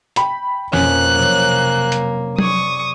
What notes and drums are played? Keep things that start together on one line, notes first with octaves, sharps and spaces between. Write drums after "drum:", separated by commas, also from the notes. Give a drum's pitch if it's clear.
G5 B5, drum: hi-hat
F2 B2 A#3 C#4 F#6 B6, drum: snare
C3 F#3
drum: hi-hat
G#4 D5 C#6 D#6, drum: tom F#3